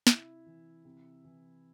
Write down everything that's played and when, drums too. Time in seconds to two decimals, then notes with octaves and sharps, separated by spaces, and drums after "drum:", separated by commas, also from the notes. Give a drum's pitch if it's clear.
0.07 C3 E4, drum: snare
0.46 E3
0.85 C3
1.24 E3